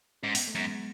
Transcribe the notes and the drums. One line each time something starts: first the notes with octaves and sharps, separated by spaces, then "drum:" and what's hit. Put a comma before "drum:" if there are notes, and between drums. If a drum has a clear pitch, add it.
G#2 C#4
B3, drum: open hi-hat
A3
F#2 G#3 B3